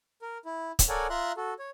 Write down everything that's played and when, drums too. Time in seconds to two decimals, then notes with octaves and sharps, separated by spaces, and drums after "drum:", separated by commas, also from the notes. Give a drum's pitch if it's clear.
0.22 A#4
0.45 E4
0.79 drum: kick, hi-hat
0.89 A4 A#4 C#5 D5 F#5 G#5
1.10 F4 E5 A#5 C6 F#6
1.37 F#4 A4
1.59 C#5